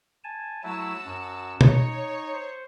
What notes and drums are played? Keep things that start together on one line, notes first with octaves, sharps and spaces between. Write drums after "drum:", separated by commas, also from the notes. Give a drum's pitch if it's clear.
G#5 A5
F#3 A3 E4 F#4 A5 E6
F#2
D#4 C#5 C#6, drum: tom
C5